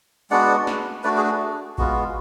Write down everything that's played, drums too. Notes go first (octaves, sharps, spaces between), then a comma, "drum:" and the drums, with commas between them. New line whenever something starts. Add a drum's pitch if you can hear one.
G#3 B3 D4 F#4 D5 F#5
drum: snare
A3 D4 F#4 B4 D5
G#4
G#3 B3 F4 F#4, drum: kick G#1